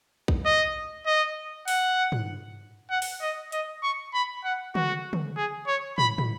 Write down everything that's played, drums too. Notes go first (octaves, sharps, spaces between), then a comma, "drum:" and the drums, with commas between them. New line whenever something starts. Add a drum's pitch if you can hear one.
drum: kick
D#5
D#5
F#5, drum: open hi-hat
drum: tom
F#5
drum: open hi-hat
D#5
D#5, drum: hi-hat
C#6
B5
F#5
F#4, drum: tom
drum: tom
G#4
C#5
B5, drum: tom
drum: tom